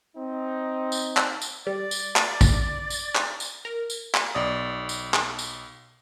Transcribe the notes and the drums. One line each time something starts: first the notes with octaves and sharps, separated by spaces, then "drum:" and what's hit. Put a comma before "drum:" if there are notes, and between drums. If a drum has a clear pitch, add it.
C4 D#4
drum: tambourine
drum: clap
drum: tambourine
G3 D5
drum: tambourine
drum: clap
drum: kick, tambourine
drum: tambourine
drum: clap
drum: tambourine
A#4
drum: tambourine
drum: clap
B1 D5 D#6
drum: tambourine
drum: clap
drum: tambourine